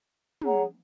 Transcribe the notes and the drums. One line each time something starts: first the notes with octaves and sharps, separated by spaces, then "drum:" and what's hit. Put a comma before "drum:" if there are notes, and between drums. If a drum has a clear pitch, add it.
G#4 C#5 F#5 A#5, drum: tom